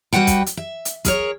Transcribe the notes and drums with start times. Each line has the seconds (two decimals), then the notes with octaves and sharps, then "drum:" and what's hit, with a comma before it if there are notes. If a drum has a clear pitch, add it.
0.13 G3 F#4 B4 F#5 G5
0.27 drum: kick, hi-hat
0.46 drum: hi-hat
0.57 E5
0.85 drum: hi-hat
1.05 G#4 A#4 C#5, drum: kick, hi-hat